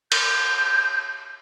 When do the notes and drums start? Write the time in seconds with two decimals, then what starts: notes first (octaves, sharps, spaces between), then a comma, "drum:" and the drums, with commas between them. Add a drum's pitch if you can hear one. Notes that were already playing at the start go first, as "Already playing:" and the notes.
0.12 G6, drum: cymbal